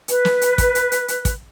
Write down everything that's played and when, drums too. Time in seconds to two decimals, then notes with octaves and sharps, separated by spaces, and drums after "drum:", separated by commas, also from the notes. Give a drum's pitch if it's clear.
0.08 B4, drum: hi-hat
0.25 drum: snare
0.41 drum: hi-hat
0.58 drum: kick, hi-hat
0.75 drum: hi-hat
0.92 drum: hi-hat
1.08 drum: hi-hat
1.25 drum: kick, hi-hat